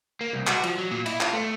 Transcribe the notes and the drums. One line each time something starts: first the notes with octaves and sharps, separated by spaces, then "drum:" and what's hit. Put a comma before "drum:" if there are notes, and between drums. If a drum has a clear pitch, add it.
A#3
C2
F#4, drum: clap
F3, drum: cymbal
F#3
A#2
E4, drum: cymbal
F4, drum: clap
A3